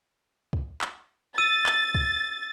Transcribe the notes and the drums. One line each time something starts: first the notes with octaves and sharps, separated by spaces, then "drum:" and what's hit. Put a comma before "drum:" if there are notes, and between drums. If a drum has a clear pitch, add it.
drum: kick
drum: clap
E6 A6 D#7
drum: clap
drum: kick